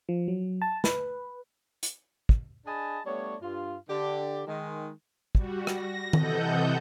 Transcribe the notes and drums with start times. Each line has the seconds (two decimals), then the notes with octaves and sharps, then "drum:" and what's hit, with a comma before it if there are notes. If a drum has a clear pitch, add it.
0.09 F3
0.28 F#3
0.62 A5
0.84 B4, drum: snare
1.83 drum: hi-hat
2.29 drum: kick
2.66 D4 G#4 D#5 G#5 A5 B5
3.05 G3 A3 B3 D4 C#5
3.42 G2 F4
3.89 D3 G4 D5
4.47 D#3 G#3
5.35 G3 F#4, drum: kick
5.67 A#6, drum: rim click
6.13 C3 E3 A4 D#5 F#5 G6, drum: tom D#3